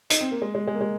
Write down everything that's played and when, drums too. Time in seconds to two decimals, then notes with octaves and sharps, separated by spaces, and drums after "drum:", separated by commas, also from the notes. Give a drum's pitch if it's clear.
0.10 D#4, drum: hi-hat
0.21 C4
0.31 A#3
0.42 G#3
0.55 G#3
0.67 G#3
0.75 A#3
0.81 G#3